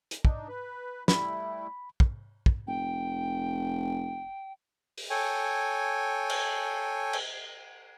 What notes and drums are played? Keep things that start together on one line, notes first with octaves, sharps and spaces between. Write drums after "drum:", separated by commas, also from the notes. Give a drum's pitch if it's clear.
drum: hi-hat
D4 D#4, drum: kick
B4
G3 A3 E4 B5, drum: snare
drum: kick
drum: kick
F1 G5
drum: open hi-hat
A4 C#5 G5 G#5
drum: cymbal
drum: cymbal